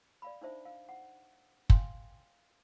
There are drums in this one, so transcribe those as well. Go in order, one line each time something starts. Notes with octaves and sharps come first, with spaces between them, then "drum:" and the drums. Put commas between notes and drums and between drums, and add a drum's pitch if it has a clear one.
D5 F5 B5
D4 D#4 C5 E5
F5
F#5
F5 G5 G#5 C6, drum: kick